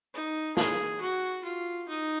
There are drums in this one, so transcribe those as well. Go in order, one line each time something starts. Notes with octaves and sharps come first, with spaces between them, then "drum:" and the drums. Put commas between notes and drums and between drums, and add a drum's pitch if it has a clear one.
D#4
G#4, drum: snare
F#4
F4
D#4